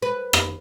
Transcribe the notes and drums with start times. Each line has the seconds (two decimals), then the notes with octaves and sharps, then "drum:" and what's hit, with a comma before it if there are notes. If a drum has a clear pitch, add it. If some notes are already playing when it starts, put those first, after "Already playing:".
0.02 B4
0.33 drum: rim click